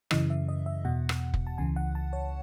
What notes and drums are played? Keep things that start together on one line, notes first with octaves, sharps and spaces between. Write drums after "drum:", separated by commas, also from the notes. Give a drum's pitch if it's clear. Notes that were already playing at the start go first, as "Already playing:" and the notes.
F#2 C#3 E3 D#5, drum: rim click
E5
D#5
E5
E2 B2 F#5
drum: rim click
drum: kick
A5
C#2 C#3 E3 G#5
F#5
A5
C#5